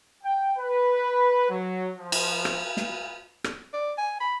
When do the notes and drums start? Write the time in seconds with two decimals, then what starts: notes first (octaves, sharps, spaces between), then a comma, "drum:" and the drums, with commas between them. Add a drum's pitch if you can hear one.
0.23 G5
0.58 B4
1.50 F#3
1.97 F3
2.12 drum: cymbal
2.45 drum: rim click
2.77 drum: snare
3.44 drum: rim click
3.73 D5
3.98 G#5
4.20 B5